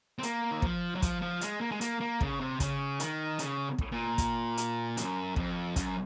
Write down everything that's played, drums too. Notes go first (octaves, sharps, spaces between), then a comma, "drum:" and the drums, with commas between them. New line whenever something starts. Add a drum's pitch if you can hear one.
C4
A#3, drum: hi-hat
D#3
F3, drum: kick
F#3
F3, drum: kick, hi-hat
F3
G#3, drum: hi-hat
A#3
G#3
A#3, drum: hi-hat
A#3
C#3, drum: kick
C3
C#3, drum: kick, hi-hat
D#3, drum: hi-hat
C#3, drum: hi-hat
drum: kick
A#2
drum: kick, hi-hat
drum: hi-hat
F#2, drum: hi-hat
F2, drum: kick
F#2, drum: kick, hi-hat